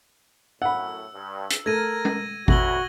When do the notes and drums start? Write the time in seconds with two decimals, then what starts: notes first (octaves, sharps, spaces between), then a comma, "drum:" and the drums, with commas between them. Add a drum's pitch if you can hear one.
0.62 F#2 A2 F#5 B5 E6
1.14 G2
1.50 drum: hi-hat
1.66 A3 A#4 G#6 A#6 D#7
2.05 drum: tom G#3
2.48 D2 A2 E4 F#4 A#6 F#7 G7, drum: kick G#1